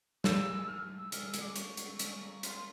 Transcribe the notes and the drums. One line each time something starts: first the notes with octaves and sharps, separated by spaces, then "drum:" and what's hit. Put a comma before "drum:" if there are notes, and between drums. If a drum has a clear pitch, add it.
A#3 E6, drum: snare
A3
G#3
A3 F6
E6
G#3 F6, drum: hi-hat
G3 E6
G#3, drum: hi-hat
G3 D6
C#6, drum: hi-hat
drum: hi-hat
A3
G#3, drum: hi-hat
A#3
C6, drum: hi-hat